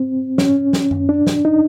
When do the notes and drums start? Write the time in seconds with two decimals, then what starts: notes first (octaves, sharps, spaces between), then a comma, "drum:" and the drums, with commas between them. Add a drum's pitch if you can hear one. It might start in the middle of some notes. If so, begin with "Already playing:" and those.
Already playing: C4
0.38 C#4, drum: snare
0.73 drum: snare
0.91 drum: tom F#2
1.09 D4
1.27 drum: snare
1.45 D#4